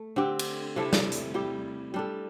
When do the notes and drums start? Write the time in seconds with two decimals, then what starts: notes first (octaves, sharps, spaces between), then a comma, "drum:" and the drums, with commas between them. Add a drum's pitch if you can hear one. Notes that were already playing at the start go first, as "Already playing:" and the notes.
Already playing: A3
0.16 D3 C4 G4
0.39 drum: cymbal
0.76 C3 A3 E4 A4
0.93 drum: snare
1.12 drum: hi-hat
1.34 G3 E4 G4
1.94 G3 D4 A4